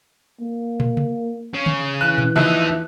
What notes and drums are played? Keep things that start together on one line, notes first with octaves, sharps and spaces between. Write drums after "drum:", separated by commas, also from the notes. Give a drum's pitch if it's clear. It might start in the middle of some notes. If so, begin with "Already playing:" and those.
A#3
drum: tom
drum: tom C3
C#3
drum: tom
E3 F#6
drum: tom
D#2 F3 D#4 E5 F#6, drum: tom C3